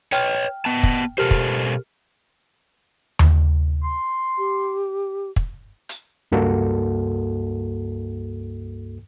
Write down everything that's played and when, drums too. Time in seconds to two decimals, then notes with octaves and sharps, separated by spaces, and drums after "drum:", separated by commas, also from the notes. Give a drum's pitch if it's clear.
0.12 B4 C#5 G5 F6, drum: hi-hat
0.65 B3 A5
0.83 drum: kick
1.18 B2 G4 A4 A#4 C5 F6
1.31 drum: kick
3.19 drum: tom D#2
3.83 C6
4.38 G4
5.36 drum: kick
5.89 drum: hi-hat
6.32 C#2 G2 A#3 F#4 A4